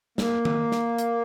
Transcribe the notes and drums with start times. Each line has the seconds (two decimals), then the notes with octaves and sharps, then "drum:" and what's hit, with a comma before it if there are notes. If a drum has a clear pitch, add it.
0.18 A#3, drum: snare
0.45 drum: tom D#3
0.72 drum: snare
0.98 drum: hi-hat